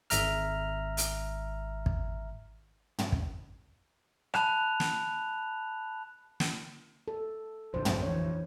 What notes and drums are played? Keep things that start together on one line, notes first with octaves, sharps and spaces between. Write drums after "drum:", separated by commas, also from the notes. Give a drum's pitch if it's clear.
G#1 E5 A#5 F6, drum: hi-hat
drum: hi-hat
drum: kick
drum: tom
drum: kick
A5 B5 F#6 E7 F7, drum: rim click
drum: snare
drum: snare
A4
A#1 F2 D3 C5
drum: tom
E3 C#5